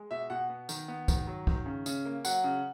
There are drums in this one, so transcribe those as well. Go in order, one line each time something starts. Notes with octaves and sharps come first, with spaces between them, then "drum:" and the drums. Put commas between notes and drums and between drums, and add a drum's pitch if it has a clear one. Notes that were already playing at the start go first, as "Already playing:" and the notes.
Already playing: G#3
B2 E5
B2 F#5
B3
D#3, drum: tambourine
B3
D#3, drum: kick, tambourine
F#3
D#3, drum: kick
C#3
C#3, drum: tambourine
A#3
F#3 F#5, drum: tambourine
C#3